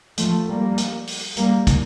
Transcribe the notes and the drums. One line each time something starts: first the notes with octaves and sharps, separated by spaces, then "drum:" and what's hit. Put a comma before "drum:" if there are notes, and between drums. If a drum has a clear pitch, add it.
F3 A3, drum: hi-hat
G3 A#3
drum: hi-hat
drum: open hi-hat
G3 A#3, drum: hi-hat
drum: kick, hi-hat